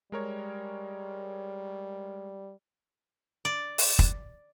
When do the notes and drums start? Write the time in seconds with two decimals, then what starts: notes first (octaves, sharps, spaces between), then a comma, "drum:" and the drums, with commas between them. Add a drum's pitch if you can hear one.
0.12 G3 G#3 A#4 C#5
3.45 D5
3.78 drum: open hi-hat
3.99 drum: kick